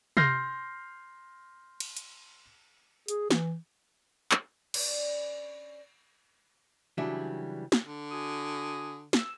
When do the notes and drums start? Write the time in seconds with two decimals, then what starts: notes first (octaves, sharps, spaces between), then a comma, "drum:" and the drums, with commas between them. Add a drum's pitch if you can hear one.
0.17 C6 F6 G6 A#6 C7, drum: tom C3
1.80 drum: cymbal
1.97 drum: hi-hat
3.08 G#4, drum: hi-hat
3.31 E3, drum: snare
4.31 drum: clap
4.74 C#4 D4 B4 D5, drum: cymbal
6.98 C#3 E3 F#3 G3 D4
7.72 drum: snare
7.85 D3
8.11 F#4 G#5 D#6
9.13 E6, drum: snare